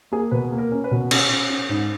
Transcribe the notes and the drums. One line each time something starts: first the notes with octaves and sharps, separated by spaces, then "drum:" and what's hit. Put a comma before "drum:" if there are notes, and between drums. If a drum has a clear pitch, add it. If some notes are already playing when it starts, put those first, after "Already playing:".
A#3 G#4 G#5
B2 B4
A#3
A#4
C#4
B4
B2
C#4, drum: cymbal
C#4
C#4
G#2